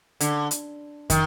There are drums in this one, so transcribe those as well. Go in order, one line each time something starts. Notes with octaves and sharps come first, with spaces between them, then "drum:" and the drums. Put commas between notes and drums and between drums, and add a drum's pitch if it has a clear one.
D3, drum: hi-hat
drum: hi-hat
D#3, drum: kick, hi-hat